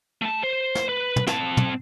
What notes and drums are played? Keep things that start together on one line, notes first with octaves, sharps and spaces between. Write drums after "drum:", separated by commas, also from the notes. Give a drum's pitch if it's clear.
A3 A5
C5
drum: snare
B4
drum: tom
C4 A5, drum: snare
drum: tom